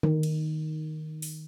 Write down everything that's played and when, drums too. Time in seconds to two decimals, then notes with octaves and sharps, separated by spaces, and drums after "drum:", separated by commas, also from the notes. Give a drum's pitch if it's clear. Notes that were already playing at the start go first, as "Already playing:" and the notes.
0.03 D#3, drum: tom D3
0.23 drum: cymbal
1.22 drum: open hi-hat